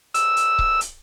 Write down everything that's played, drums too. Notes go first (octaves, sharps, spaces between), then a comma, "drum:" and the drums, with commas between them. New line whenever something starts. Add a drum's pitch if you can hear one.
E6, drum: hi-hat
drum: hi-hat
drum: kick C#1
drum: hi-hat